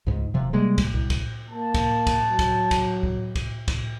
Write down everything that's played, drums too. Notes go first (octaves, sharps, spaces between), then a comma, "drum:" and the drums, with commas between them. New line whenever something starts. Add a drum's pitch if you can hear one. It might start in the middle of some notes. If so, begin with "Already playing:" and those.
C#2 G#2
D#1 C3 F3
C3 G3 G#3 A#3
drum: kick, cymbal
C2
drum: kick, cymbal
A#3 A5
drum: kick, cymbal
drum: kick, cymbal
F#3
drum: kick, cymbal
drum: kick, cymbal
drum: kick
drum: kick, cymbal
drum: kick, cymbal